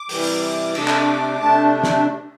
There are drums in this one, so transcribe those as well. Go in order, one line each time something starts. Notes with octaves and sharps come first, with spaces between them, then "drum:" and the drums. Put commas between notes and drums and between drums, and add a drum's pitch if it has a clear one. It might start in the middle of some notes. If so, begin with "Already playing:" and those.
Already playing: D6
C3 E3 G3, drum: open hi-hat
C3 A3 D4, drum: cymbal
drum: clap
C3 A3 D4 A5
drum: snare